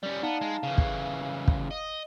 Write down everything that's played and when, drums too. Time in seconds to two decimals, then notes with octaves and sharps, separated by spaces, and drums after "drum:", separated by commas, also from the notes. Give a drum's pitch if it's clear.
0.03 G3 C#4 D5
0.23 B3 D#4 F5 A5
0.41 G#3
0.63 C#3 E3 F5
0.78 drum: kick
1.48 drum: kick
1.71 D#5